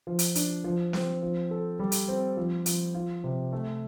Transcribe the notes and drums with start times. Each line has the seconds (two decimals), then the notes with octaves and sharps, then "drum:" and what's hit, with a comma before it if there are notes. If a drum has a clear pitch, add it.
0.07 F3
0.19 drum: hi-hat
0.35 D4, drum: hi-hat
0.64 F3
0.93 C4, drum: snare
1.22 F3
1.51 A4
1.79 G3
1.92 drum: hi-hat
2.08 C4
2.37 F3
2.66 F3, drum: hi-hat
2.94 F4
3.24 C3
3.52 A3